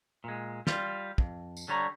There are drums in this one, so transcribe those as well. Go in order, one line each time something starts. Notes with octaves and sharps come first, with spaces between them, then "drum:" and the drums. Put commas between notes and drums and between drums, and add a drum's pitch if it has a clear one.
A#2 G#3
G3 F4, drum: snare
F2, drum: kick
drum: tambourine
D3 G3 C#5 A#5